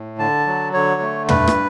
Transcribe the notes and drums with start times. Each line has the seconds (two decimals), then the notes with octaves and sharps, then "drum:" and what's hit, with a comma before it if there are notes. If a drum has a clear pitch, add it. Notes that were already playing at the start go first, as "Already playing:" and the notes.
Already playing: A2
0.18 D3 A5
0.46 F#3
0.74 D3 C#5
1.01 A3
1.29 G2 B4, drum: tom
1.48 drum: rim click